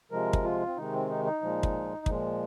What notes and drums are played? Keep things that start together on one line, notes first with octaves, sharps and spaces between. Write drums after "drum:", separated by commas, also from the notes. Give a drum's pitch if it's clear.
C3 F3 G#3 A#4
drum: kick
F4
C4
C3 D#3 G#3 D#4
C4
D#4
D#4
A#2 F3 G#3
drum: kick
A#2 F3 G#3, drum: kick